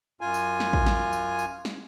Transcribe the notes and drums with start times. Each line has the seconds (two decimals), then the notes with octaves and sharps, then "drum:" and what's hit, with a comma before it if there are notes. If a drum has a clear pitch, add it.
0.21 F#2 F4 G#5
0.34 drum: tambourine
0.60 drum: snare
0.73 drum: kick
0.86 drum: snare
1.13 drum: tambourine
1.39 drum: tambourine
1.65 drum: snare